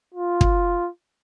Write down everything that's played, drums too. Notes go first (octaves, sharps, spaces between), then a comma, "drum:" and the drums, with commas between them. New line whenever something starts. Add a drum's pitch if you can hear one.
F4
drum: kick